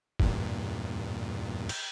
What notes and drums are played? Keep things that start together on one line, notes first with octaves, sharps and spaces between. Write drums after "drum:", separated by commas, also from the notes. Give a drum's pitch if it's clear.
E2 G2 A#2, drum: kick
drum: cymbal